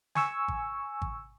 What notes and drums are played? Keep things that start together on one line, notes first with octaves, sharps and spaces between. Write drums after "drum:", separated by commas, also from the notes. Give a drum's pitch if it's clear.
G#5 C#6 E6, drum: snare
drum: kick G#1
drum: kick G#1